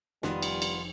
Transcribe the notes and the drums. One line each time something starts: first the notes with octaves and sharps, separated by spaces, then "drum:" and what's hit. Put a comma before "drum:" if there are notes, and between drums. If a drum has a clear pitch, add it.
F1 D#3 G3 B3 F4, drum: snare
drum: cymbal
drum: cymbal